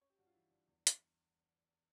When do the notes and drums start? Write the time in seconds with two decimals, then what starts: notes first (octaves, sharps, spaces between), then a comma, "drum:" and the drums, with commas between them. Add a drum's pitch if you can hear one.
0.01 C#4 C#5
0.10 G4
0.18 G2 F#4
0.27 F4
0.34 E3 E4
0.51 G2
0.68 E2
0.87 drum: hi-hat